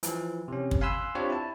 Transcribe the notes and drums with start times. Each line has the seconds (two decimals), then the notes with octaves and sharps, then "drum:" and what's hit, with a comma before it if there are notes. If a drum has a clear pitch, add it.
0.03 E3 F3, drum: hi-hat
0.48 C3 C#4
0.71 drum: kick
0.81 F5 G#5 B5 C6 E6 F#6
1.15 C4 D4 F4 G4 C#5
1.30 E4 A5